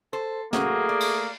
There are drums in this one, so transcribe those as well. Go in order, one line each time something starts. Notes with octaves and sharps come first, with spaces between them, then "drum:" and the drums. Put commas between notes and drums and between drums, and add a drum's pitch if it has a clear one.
A4 C5
F#3 A3 A#3 C#4 F#4 G#4, drum: snare
D5
drum: cymbal